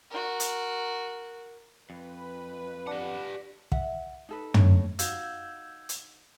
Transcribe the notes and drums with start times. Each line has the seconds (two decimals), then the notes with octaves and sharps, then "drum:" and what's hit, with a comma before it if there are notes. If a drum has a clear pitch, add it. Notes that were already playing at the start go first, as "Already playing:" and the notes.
0.11 F#4 A#4
0.40 drum: hi-hat
1.90 F2 B4
2.87 D4 G4 F#5
3.72 E5 F#5, drum: kick
4.29 D#4 A4 B4
4.54 A3 C#5, drum: tom
4.99 D#4 F#4 F5 E6 G6 G#6, drum: hi-hat
5.89 drum: hi-hat